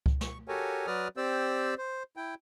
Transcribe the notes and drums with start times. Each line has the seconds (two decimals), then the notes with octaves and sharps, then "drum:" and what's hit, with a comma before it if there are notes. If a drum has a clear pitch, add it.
0.06 drum: kick C#2
0.21 C#6, drum: snare
0.48 F#4 G4 A4 A#4 C#5 G#5
0.87 F#3 F#4 B4 D5 D#6 F6
1.17 C4 G4 C5 D5 E6
1.78 C5
2.17 E4 G5